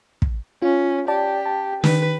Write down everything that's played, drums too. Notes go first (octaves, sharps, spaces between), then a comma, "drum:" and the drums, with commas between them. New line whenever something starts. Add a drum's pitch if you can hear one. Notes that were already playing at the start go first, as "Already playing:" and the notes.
drum: kick
C#4 F4
G4 D5 A5
A5
D#3 B4, drum: snare